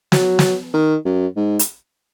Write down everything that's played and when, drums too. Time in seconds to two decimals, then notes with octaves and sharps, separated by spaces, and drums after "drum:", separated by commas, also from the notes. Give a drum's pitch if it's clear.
0.12 F#3, drum: snare
0.39 drum: snare
0.74 D#3
1.05 F#2
1.36 G#2
1.59 drum: hi-hat